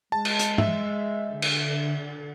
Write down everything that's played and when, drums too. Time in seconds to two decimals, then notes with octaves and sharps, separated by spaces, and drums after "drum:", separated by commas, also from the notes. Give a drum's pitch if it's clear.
0.12 G#3 A5
0.25 drum: cymbal
0.39 drum: hi-hat
0.58 E5, drum: tom G#2
1.31 D3
1.42 drum: cymbal